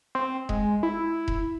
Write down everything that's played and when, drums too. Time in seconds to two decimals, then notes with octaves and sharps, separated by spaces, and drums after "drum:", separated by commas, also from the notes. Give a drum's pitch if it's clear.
0.15 C4
0.49 G#3, drum: kick E1
0.83 E4
1.28 drum: kick E1